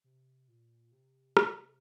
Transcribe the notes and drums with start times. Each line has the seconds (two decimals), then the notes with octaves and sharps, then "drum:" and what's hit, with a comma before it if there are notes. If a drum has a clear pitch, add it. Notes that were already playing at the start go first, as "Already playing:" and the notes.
0.04 C3
0.48 A#2
0.92 C3
1.37 C3, drum: rim click